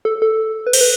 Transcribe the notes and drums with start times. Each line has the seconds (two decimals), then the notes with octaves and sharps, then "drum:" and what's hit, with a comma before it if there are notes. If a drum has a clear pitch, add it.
0.05 A4
0.22 A4
0.67 B4
0.73 C5, drum: cymbal
0.81 B4